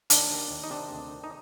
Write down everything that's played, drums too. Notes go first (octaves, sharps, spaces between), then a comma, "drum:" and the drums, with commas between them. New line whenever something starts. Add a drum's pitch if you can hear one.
D#2 D4, drum: hi-hat
D#2
D#2
D#4
C3 D4
D2
D#3
D#4